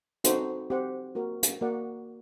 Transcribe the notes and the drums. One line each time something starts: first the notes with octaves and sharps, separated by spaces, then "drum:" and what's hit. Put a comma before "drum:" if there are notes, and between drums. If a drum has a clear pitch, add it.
C4 D#4 F#4 A4 C5, drum: hi-hat
C4 G4 C5 F#5
A#3 F#4 A#4
drum: hi-hat
A#3 F#4 A#4 D5 F#5